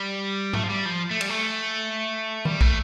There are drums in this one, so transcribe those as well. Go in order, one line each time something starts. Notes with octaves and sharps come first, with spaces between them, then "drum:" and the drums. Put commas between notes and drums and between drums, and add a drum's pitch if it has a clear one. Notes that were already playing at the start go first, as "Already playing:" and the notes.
Already playing: G3
A3, drum: tom G#2
F3
G3
F3
A3
G3, drum: cymbal
A3
G3, drum: tom D#3
A3, drum: kick